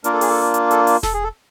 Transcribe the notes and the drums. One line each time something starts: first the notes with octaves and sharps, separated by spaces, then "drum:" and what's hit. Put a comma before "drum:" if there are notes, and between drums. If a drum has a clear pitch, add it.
A#3 D4 F4 A#4, drum: hi-hat
A4
G#4, drum: open hi-hat
A4
drum: hi-hat
A4, drum: hi-hat
drum: open hi-hat
A4, drum: snare E1
G#4
A4